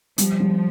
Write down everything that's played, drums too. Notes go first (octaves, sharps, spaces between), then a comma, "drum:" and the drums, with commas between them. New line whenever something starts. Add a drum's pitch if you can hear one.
F3 G3, drum: hi-hat
G3